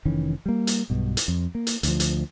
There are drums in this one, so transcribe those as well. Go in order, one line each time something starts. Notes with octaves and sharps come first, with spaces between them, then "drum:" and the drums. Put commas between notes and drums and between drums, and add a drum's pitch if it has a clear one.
F1 D#3 E3 C#4
G3 A#3
drum: hi-hat
B1 G2 B2
drum: hi-hat
F2
A#3
drum: hi-hat
D2 F3, drum: hi-hat
drum: hi-hat